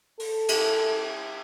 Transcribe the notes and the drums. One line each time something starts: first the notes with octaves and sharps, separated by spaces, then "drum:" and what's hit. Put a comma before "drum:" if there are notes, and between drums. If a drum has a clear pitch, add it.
A4, drum: open hi-hat
drum: cymbal